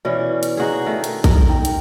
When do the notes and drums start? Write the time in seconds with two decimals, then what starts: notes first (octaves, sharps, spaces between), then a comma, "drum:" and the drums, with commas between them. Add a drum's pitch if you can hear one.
0.05 B2 E3 C#4 E4 C#5 D5
0.43 drum: hi-hat
0.57 D#4 F#4 G#4
0.86 D#3 A3
1.04 drum: hi-hat
1.24 A#4, drum: kick A#1, hi-hat
1.49 D#4 G5
1.65 drum: hi-hat